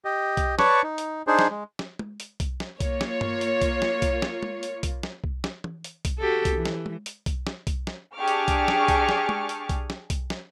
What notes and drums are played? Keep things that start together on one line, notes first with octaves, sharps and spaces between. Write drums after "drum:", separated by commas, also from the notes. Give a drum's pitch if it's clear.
G4 D#5
drum: kick B1, hi-hat
B4 C#5 D5 A5 C#6, drum: snare
D#4
drum: hi-hat
D4 D#4 G#4 C5
drum: snare
G#3
drum: snare
drum: tom
drum: hi-hat
drum: kick B1, hi-hat
drum: snare
A#3 F4 C#5, drum: kick B1, hi-hat
drum: snare
drum: tom G2
drum: hi-hat
drum: kick B1, hi-hat
drum: snare
drum: kick B1, hi-hat
drum: snare
drum: tom
drum: hi-hat
drum: kick B1, hi-hat
drum: snare
drum: kick B1
drum: snare
drum: tom
drum: hi-hat
drum: kick B1, hi-hat
F#4 G4 A4
drum: kick B1, hi-hat
E3
drum: snare
drum: tom
drum: hi-hat
drum: kick B1, hi-hat
drum: snare
drum: kick B1, hi-hat
drum: snare
D4 G4 G#4 C#6 D6 F6
drum: hi-hat
drum: kick B1, hi-hat
drum: snare
drum: kick B1, hi-hat
drum: snare
drum: tom
drum: hi-hat
drum: kick B1, hi-hat
drum: snare
drum: kick B1, hi-hat
drum: snare